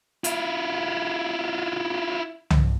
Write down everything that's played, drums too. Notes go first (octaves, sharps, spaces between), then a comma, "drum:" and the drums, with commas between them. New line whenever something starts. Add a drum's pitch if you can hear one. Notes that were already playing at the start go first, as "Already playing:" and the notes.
E4 F4, drum: hi-hat
drum: tom C2